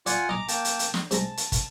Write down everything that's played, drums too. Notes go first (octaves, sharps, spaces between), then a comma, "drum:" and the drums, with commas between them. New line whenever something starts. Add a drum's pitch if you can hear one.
F4 D5 F#5 G#5, drum: hi-hat
D#5 G#5 A#5 D6
A#3 G5 A5, drum: hi-hat
drum: hi-hat
drum: hi-hat
drum: snare
C3 G#3 A5 A#5, drum: hi-hat
drum: hi-hat
drum: kick, hi-hat